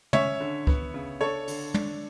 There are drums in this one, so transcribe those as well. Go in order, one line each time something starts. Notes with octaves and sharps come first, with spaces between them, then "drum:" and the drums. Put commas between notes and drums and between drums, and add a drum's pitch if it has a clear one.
C#4 C#5 E5, drum: tom
D3
B3, drum: kick C#2
C#3
D4 A4 C#5
D3, drum: open hi-hat
D4, drum: tom